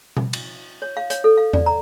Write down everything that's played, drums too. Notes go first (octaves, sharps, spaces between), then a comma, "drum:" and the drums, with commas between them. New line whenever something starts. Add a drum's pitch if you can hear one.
drum: tom B2
drum: cymbal
C#5
F5
C#5, drum: hi-hat
A4
F5
D5, drum: tom E2
A#5